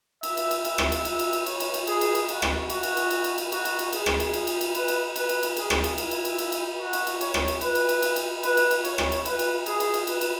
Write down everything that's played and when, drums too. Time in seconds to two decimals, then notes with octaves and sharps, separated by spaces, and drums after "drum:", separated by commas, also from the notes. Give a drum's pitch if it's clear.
0.23 E5, drum: cymbal
0.37 drum: cymbal
0.51 drum: cymbal
0.65 E5, drum: cymbal
0.78 drum: rim click
0.92 drum: cymbal
1.05 E5, drum: cymbal
1.19 drum: cymbal
1.33 drum: cymbal
1.46 C#5, drum: cymbal
1.60 drum: cymbal
1.74 drum: cymbal
1.87 G#4, drum: cymbal
2.01 drum: cymbal
2.15 drum: cymbal
2.29 F#4, drum: cymbal
2.42 drum: rim click
2.70 F#4, drum: cymbal
2.83 drum: cymbal
2.97 drum: cymbal
3.10 drum: cymbal
3.24 drum: cymbal
3.38 drum: cymbal
3.52 F#4, drum: cymbal
3.65 drum: cymbal
3.79 drum: cymbal
3.93 G#4, drum: cymbal
4.06 drum: rim click
4.20 drum: cymbal
4.33 drum: cymbal
4.47 drum: cymbal
4.61 drum: cymbal
4.75 B4, drum: cymbal
4.88 drum: cymbal
5.16 B4, drum: cymbal
5.29 drum: cymbal
5.43 drum: cymbal
5.57 G#4, drum: cymbal
5.70 drum: rim click
5.84 drum: cymbal
5.98 E4, drum: cymbal
6.11 drum: cymbal
6.25 drum: cymbal
6.38 drum: cymbal
6.52 drum: cymbal
6.80 F#4
6.93 drum: cymbal
7.07 drum: cymbal
7.21 C#5, drum: cymbal
7.34 drum: rim click
7.48 drum: cymbal
7.61 B4, drum: cymbal
7.75 drum: cymbal
7.89 drum: cymbal
8.02 drum: cymbal
8.16 drum: cymbal
8.43 B4, drum: cymbal
8.57 drum: cymbal
8.71 drum: cymbal
8.85 C#5, drum: cymbal
8.98 drum: rim click
9.12 drum: cymbal
9.25 B4, drum: cymbal
9.39 drum: cymbal
9.66 G#4, drum: cymbal
9.80 drum: cymbal
9.94 drum: cymbal
10.07 B4, drum: cymbal
10.21 drum: cymbal